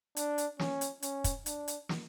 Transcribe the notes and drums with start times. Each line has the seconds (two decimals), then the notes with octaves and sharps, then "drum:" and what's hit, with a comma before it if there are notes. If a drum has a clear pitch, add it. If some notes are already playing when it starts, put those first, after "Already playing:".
0.16 D4, drum: hi-hat
0.38 drum: hi-hat
0.59 C#4, drum: snare
0.81 drum: hi-hat
1.02 C#4, drum: hi-hat
1.24 drum: kick, hi-hat
1.46 D4, drum: hi-hat
1.68 drum: hi-hat
1.89 drum: snare